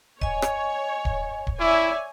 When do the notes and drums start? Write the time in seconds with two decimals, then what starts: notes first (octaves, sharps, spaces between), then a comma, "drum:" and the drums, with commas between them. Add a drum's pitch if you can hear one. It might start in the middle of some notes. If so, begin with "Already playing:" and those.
0.21 C#5 D#5 G#5, drum: kick D1
0.42 drum: rim click
1.05 drum: kick D1
1.47 drum: kick D1
1.60 E4 C#5 D5 E5 G#5